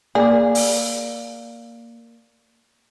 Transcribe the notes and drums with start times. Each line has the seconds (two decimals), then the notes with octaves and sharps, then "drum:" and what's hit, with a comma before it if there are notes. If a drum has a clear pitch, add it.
0.15 A#3 G#4 D5 D6
0.55 drum: open hi-hat